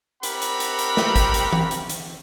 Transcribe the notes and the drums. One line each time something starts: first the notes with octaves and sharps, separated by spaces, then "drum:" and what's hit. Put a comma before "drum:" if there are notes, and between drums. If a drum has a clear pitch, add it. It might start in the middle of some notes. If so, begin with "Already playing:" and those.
C4 G4 A#4 F#5 B5, drum: hi-hat
drum: hi-hat
drum: hi-hat
drum: hi-hat
drum: snare
drum: kick G#1, hi-hat
drum: hi-hat
drum: tom
drum: hi-hat
drum: hi-hat